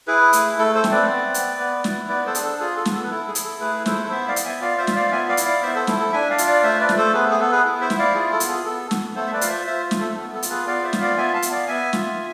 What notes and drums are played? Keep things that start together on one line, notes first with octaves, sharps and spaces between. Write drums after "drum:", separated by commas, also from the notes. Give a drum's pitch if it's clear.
E4 G#4 B4
A3, drum: hi-hat
A3 A4
A4 C5
C4, drum: snare
B4 D5
B3
B3, drum: hi-hat
B3
E4, drum: snare
B3 B4 D5
A4 C5
D4 G#4, drum: hi-hat
A4
F4 G#4
A4
B3, drum: snare
A4
B4
E4 A4
G#4
E4, drum: hi-hat
A4
A3 G#4 B4
E4 A4 C5, drum: snare
B3 C5 E5
D5 F5
B3, drum: hi-hat
E5 G#5
F4 D5 F5
C5 E5
F4, drum: snare
D5 F5
B3 E5 G#5
D5 F5
E4, drum: hi-hat
D5 F5
B3 C5 E5
A4 C5
E4 A4, drum: snare
A4
D4 E5 G#5
D5 F5
F4, drum: hi-hat
D5 F5
A3 C5 E5
B4 D5
A3, drum: snare
A4 C5
B3 G#4 B4
G#4
B3 A4
G#4 B4
E4
C5 E5
E4, drum: snare
D5 F5
F4 G#4
A4
B3, drum: hi-hat
G#4
B3 A4
B3, drum: snare
A3 A4 C5
E5
B4 D5
F4 F5, drum: hi-hat
C5 E5
F4 C5 E5
A3, drum: snare
A4
B3
A4
F4, drum: hi-hat
G#4 B4
B3 D5 F5
C5 E5
F4, drum: snare
D5 F5
B3 E5 G#5
F5 A5
B3, drum: hi-hat
D5 F5
B3 E5 G#5
F4, drum: snare